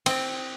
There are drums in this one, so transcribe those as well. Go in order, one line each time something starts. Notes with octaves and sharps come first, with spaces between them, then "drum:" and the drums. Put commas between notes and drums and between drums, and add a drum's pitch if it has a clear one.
C4, drum: cymbal